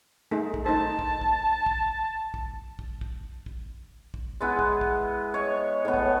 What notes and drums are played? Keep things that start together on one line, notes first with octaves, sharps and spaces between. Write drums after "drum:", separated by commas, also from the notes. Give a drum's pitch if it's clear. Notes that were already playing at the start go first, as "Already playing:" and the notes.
A3 D#4 G#4
drum: kick
D#4 C5 A5
drum: kick
drum: kick
drum: kick
drum: kick
drum: kick
drum: kick
drum: kick
drum: kick
G#3 B3 E4
drum: kick
drum: kick
C#5 D#5
A2 B3
drum: kick